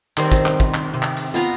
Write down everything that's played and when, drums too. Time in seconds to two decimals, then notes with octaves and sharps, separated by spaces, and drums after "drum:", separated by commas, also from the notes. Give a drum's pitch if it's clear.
0.17 D#3 G3 C4 A#4, drum: clap
0.32 drum: kick, hi-hat
0.46 drum: clap
0.60 drum: kick, hi-hat
0.74 drum: clap
0.93 C3
1.03 drum: clap
1.17 drum: hi-hat
1.34 B3 F4 A#5